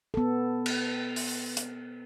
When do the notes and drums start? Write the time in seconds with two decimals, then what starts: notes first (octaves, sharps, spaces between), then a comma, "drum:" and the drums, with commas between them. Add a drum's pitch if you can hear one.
0.14 B3 A4
0.66 drum: cymbal
1.16 drum: open hi-hat
1.57 drum: hi-hat